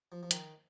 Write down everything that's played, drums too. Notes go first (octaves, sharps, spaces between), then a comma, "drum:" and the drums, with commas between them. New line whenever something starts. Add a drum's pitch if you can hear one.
F3
F3
D#3, drum: hi-hat